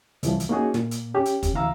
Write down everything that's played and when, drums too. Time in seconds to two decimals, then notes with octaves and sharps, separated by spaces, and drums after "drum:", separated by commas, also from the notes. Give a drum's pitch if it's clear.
0.23 C2 E3 F3, drum: hi-hat
0.40 drum: hi-hat
0.49 A#3 C#4 D#4 F#4 G#4
0.74 A#2, drum: snare
0.91 drum: hi-hat
1.15 C#4 G4
1.25 drum: hi-hat
1.43 drum: kick, hi-hat
1.53 D2 C3 E3 F5 A#5 E6